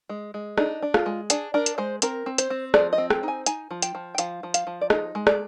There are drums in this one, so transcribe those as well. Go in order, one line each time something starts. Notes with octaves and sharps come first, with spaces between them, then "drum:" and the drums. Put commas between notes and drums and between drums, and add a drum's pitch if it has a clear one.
G#3
G#3
D4 D#4, drum: rim click
D4
F4, drum: rim click
G#3
D4 G#4, drum: hi-hat
D4 A#4
drum: hi-hat
G#3 C5
C4 A#4, drum: hi-hat
C4
C5, drum: hi-hat
C4
F3 D5, drum: rim click
D#5
C4
G5, drum: rim click
D#4 G#5
D#4 G#5, drum: hi-hat
F3
G5, drum: hi-hat
F3
G5
F3 F5, drum: hi-hat
F3
F5, drum: hi-hat
F3
D5
D#4 D#5, drum: rim click
G#3
D5, drum: rim click